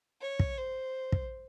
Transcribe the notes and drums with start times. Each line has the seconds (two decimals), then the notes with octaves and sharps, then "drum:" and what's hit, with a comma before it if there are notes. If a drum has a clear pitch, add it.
0.21 C#5
0.39 drum: kick
0.58 C5
1.12 drum: kick